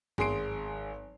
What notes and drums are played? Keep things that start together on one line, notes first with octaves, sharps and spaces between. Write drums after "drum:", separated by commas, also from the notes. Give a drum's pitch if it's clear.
G#1 G#4 C6 C7 D7, drum: tom G2